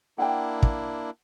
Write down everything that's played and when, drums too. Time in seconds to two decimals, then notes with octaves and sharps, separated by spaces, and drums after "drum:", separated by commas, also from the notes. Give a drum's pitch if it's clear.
0.18 A#3 D4 E4 F#5 G5
0.63 drum: kick